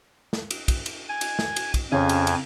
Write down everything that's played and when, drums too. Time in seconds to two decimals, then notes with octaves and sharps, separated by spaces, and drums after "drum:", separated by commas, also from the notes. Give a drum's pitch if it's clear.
0.33 drum: snare
0.51 drum: cymbal
0.68 drum: kick, cymbal
0.86 drum: cymbal
1.09 G#5
1.21 drum: cymbal
1.39 drum: snare
1.56 drum: cymbal
1.74 drum: kick, cymbal
1.92 F2 C#3 C#4 G#5
2.09 drum: cymbal
2.27 drum: cymbal